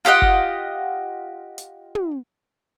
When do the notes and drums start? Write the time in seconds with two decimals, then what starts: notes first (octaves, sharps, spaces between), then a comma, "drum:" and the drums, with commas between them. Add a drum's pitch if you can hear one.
0.05 F4 G4 D#5 F#5
0.22 drum: kick F#1
1.58 drum: hi-hat
1.95 drum: tom